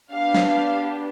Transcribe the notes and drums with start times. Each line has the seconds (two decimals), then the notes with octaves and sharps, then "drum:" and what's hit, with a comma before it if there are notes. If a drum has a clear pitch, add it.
0.11 B3 D4 G4 F5
0.35 drum: snare